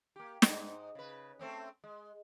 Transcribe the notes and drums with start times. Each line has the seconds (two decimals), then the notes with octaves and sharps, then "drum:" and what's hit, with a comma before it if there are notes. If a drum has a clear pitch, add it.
0.16 A#3 G4
0.42 G#2 D#4, drum: snare
0.95 C#3 B4
1.39 A3 C4 C#4
1.84 G#3